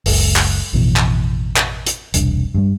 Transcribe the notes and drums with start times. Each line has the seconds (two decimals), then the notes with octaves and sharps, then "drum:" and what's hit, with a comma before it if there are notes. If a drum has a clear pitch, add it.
0.06 F#1 C#2, drum: open hi-hat
0.36 drum: clap
0.73 A1 F2 B2 E3
0.96 drum: clap
1.56 drum: clap
1.86 drum: hi-hat
2.14 E1 C2 D4, drum: hi-hat
2.54 G2 G3